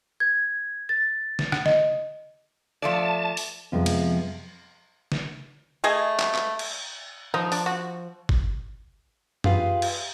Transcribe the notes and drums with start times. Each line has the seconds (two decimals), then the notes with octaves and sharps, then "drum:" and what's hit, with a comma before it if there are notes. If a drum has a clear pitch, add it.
0.20 G#6
0.89 A6
1.39 drum: snare
1.52 drum: rim click
1.66 D#5, drum: snare
2.82 F3 A3 D5 A5
3.37 drum: open hi-hat
3.72 F2 C3 F3 G#3 B3
3.86 drum: cymbal
5.12 drum: snare
5.84 A3 G#4 D#5 G#5
6.19 drum: clap
6.35 drum: clap
6.59 drum: cymbal
7.34 F3 D#4
7.52 D4, drum: open hi-hat
7.66 F#4
8.29 drum: kick G1
9.44 F4 G4 G#4 B4 F5, drum: tom F#2
9.82 drum: cymbal